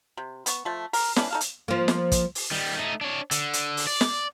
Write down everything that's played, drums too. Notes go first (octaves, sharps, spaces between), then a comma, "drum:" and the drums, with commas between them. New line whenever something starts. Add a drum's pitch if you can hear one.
C3
B3 C#6, drum: hi-hat
F3 A3
A#4, drum: open hi-hat
E3 C#4 D4 B4, drum: snare
D#4 A4 F5
drum: hi-hat
F3 A#3
drum: snare
drum: kick, hi-hat
drum: open hi-hat
D#3 G3
A3 D#4
D4 C#5
D3, drum: hi-hat
drum: hi-hat
drum: open hi-hat
D5
drum: snare